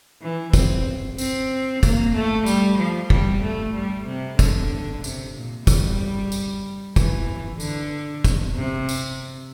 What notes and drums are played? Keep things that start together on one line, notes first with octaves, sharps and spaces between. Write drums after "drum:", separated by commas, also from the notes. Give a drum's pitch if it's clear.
E3
C4, drum: kick, tambourine
C4, drum: tambourine
A#3, drum: kick, tambourine
A3
G3, drum: tambourine
F3
G3, drum: kick
A3
G3
C3
D3, drum: kick, tambourine
C3, drum: tambourine
A#2
G3, drum: kick, tambourine
drum: tambourine
E3, drum: kick, tambourine
D3, drum: tambourine
drum: kick, tambourine
C3
drum: tambourine